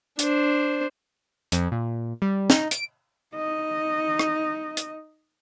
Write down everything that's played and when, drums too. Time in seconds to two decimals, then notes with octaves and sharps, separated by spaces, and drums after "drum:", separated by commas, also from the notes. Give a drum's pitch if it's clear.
0.19 D4 C5, drum: hi-hat
1.52 F2, drum: hi-hat
1.72 A#2
2.22 G3
2.50 D#4, drum: snare
2.71 D7, drum: hi-hat
3.36 D#4 D#5
4.19 drum: rim click
4.77 drum: hi-hat